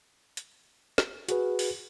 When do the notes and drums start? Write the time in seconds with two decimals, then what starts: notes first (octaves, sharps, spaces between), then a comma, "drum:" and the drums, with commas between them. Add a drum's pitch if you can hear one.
0.37 drum: hi-hat
0.98 drum: snare
1.29 F#4 G#4 B4, drum: hi-hat
1.59 drum: open hi-hat